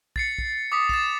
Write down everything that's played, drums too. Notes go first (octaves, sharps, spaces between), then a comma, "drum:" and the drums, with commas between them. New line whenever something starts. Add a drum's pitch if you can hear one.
A6 C7 C#7, drum: kick
drum: kick
D6 D#6 B6
A6 E7, drum: kick